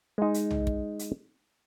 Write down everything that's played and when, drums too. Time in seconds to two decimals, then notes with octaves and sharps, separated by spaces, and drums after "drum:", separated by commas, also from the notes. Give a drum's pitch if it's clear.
0.18 G#3 D#4
0.34 drum: hi-hat
0.51 drum: tom B1
0.67 drum: kick
0.99 drum: hi-hat